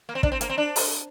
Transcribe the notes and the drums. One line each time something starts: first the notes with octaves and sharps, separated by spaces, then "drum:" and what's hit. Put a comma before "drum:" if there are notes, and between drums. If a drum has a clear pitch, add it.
A#3
C4
D4, drum: kick
C4
A#3, drum: hi-hat
C4
D4
drum: open hi-hat